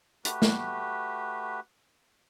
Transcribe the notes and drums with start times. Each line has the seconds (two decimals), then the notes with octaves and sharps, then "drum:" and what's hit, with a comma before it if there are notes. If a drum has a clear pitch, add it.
0.25 A3 F#4 G4 B4, drum: hi-hat
0.42 drum: snare